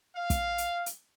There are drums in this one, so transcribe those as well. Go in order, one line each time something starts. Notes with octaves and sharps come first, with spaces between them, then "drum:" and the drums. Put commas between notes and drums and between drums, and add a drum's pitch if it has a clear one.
F5
drum: kick, hi-hat
drum: hi-hat
drum: hi-hat